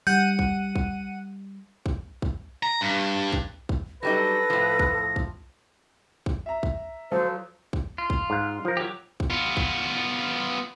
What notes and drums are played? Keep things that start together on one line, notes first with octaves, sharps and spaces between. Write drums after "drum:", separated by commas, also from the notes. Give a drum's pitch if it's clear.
G3 F#5 G6 D#7
drum: kick
drum: kick
drum: kick
drum: kick
A#5
G2
drum: kick
drum: kick
F#3 G3 D#4 A4 B4 A#6
A2 F3
drum: kick
drum: kick
drum: kick
E5 A#5
drum: kick
F3 F#3 A4 C5
drum: kick
F4
drum: kick
G#2 F5
F3 A#4
F#3 G4
drum: kick
B3 F4
drum: kick